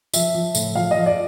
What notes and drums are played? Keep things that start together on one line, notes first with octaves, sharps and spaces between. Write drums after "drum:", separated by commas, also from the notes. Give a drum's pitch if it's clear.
F3 E5, drum: tambourine
F3
A2, drum: tambourine
F3 F5
F3 D#5
D5